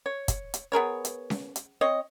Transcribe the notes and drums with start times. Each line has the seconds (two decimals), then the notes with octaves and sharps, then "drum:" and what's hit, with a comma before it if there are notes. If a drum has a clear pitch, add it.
0.06 C#5
0.28 drum: kick, hi-hat
0.54 drum: hi-hat
0.72 B3 G#4 A#4 C#5
1.05 drum: hi-hat
1.30 drum: snare C#4
1.56 drum: hi-hat
1.81 C4 C#5 D#5